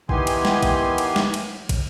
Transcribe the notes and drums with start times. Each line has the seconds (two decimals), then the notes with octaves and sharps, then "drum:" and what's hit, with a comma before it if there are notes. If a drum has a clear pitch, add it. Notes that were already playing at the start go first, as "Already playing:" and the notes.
0.09 D#3 E3 B3 G4 G#5 C6, drum: kick
0.27 drum: cymbal
0.45 drum: snare
0.63 drum: kick, cymbal
0.98 drum: cymbal
1.16 drum: snare
1.34 drum: cymbal
1.69 drum: kick, cymbal